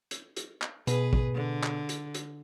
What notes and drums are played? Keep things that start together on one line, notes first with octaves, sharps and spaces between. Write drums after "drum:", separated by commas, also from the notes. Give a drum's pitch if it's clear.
drum: hi-hat
drum: hi-hat
drum: clap
B2 G#4 B4, drum: hi-hat
drum: kick
D3
drum: clap
drum: hi-hat
drum: hi-hat